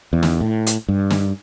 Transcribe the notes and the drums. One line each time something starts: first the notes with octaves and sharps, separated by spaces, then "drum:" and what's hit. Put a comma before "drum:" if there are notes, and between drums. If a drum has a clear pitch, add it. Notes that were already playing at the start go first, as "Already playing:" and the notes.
E2
drum: snare
A2
drum: hi-hat
G2
drum: snare